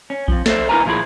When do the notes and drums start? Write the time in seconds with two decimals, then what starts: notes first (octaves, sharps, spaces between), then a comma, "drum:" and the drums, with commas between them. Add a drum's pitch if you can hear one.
0.10 C#4
0.28 F2 F3, drum: kick A#1
0.46 A4 C5 E5, drum: snare
0.69 D4 E4 A#4 B4 G#5 A#5
0.86 A#2 F3 E4 G#4 B5